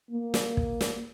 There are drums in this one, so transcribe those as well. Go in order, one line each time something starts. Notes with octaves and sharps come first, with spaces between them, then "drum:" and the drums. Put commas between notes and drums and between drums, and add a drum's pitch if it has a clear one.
A#3
drum: snare
drum: kick
drum: snare